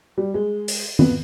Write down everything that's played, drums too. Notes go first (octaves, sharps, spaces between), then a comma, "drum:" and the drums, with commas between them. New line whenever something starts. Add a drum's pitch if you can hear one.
G3
G#3
drum: open hi-hat
B3, drum: tom